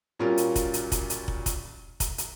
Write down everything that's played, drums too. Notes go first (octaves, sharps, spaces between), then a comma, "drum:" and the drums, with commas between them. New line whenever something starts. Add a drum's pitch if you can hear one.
A#2 G3 C#4 F4 F#4 A#4
drum: hi-hat
drum: kick, hi-hat
drum: hi-hat
drum: kick, hi-hat
drum: hi-hat
drum: kick
drum: kick, hi-hat
drum: kick, hi-hat
drum: hi-hat